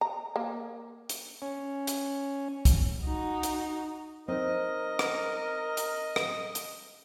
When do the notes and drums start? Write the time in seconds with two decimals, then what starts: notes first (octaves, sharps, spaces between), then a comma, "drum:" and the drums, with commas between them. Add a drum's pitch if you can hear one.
0.01 A#5
0.36 A#3
1.09 drum: hi-hat
1.42 C#4
1.87 drum: hi-hat
2.65 drum: kick, hi-hat
3.04 D#4 F#4
3.43 drum: hi-hat
4.28 C4 D#4 A#4 D#5
4.99 drum: rim click
5.77 drum: hi-hat
6.16 drum: rim click
6.55 drum: hi-hat